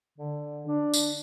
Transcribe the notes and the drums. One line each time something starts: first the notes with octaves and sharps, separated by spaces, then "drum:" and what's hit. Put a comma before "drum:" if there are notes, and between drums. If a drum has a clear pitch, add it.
D3
D4
drum: tambourine